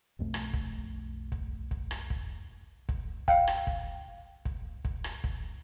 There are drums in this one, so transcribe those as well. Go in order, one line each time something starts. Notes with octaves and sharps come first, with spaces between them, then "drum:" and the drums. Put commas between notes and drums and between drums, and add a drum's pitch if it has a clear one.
B1 F2 A3
drum: rim click
drum: kick
drum: kick
drum: kick
drum: rim click
drum: kick
drum: kick
F5 G5, drum: kick
drum: rim click
drum: kick
drum: kick
drum: kick
drum: rim click
drum: kick